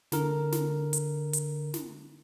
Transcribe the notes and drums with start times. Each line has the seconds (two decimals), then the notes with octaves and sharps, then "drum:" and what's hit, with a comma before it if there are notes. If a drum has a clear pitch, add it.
0.12 D3 A#4, drum: snare
0.52 drum: snare
0.93 drum: hi-hat
1.33 drum: hi-hat
1.74 drum: snare